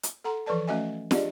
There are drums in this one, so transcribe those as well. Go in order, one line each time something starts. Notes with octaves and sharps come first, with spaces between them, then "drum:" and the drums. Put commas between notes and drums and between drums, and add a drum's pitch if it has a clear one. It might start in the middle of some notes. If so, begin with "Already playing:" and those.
drum: hi-hat
A4 F#5 A#5 C6
E3 F3 A4 B4 D5 A5
A3 C#4 F#4 D#5 E5 G#5
D4 G4 G#4 D5 D#5, drum: snare